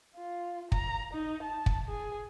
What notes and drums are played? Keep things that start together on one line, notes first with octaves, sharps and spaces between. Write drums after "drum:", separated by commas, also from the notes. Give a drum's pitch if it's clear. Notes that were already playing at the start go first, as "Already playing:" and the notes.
F4
A#5, drum: kick
D#4
A5
drum: kick
G#4